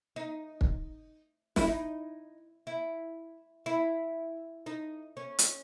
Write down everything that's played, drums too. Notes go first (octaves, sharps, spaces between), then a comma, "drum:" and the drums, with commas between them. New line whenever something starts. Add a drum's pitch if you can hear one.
D#4
drum: kick
E4, drum: snare
D#4
E4
E4
D#4
C#4
drum: hi-hat